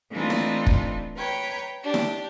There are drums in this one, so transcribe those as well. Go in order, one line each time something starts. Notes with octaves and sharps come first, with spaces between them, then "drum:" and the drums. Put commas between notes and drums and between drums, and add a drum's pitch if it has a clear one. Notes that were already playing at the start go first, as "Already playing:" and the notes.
E3 A3 C4 D4 D#4 F4
drum: snare
drum: kick
B4 C#5 G5 A#5
D4 G4
drum: snare